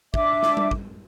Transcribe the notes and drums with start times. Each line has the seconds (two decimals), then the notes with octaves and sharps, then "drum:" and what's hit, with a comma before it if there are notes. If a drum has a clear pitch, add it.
0.14 D4 E5 D6, drum: kick
0.43 drum: snare
0.57 drum: tom G3
0.71 drum: kick